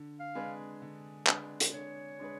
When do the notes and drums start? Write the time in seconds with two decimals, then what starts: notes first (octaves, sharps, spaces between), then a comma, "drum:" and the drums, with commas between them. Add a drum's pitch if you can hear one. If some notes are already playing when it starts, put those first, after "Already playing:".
Already playing: D3
0.20 F5
0.35 G#3 D4 G#4 B4
0.82 D3
1.27 G#3 D4 G#4 B4, drum: clap
1.60 drum: hi-hat
1.73 D3 C#5
2.19 G#3 D4 G#4 B4